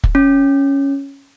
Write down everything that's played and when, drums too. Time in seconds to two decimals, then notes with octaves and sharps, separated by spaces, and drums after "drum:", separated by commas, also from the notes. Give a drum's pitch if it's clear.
0.04 drum: kick
0.15 C#4